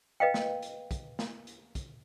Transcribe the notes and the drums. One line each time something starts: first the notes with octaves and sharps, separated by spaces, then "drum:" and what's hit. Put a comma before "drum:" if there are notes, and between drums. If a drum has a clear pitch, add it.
B4 D#5 F5 G5
drum: snare
drum: hi-hat
drum: kick, hi-hat
drum: snare
drum: hi-hat
drum: kick, hi-hat